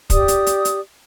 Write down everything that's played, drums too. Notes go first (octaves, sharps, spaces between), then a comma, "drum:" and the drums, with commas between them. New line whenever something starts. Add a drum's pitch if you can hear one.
G4 D5 D#6, drum: kick, hi-hat
drum: hi-hat
drum: hi-hat
drum: hi-hat